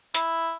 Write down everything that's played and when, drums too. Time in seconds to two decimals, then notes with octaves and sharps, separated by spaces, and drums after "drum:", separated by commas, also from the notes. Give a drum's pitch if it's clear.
0.14 E4, drum: hi-hat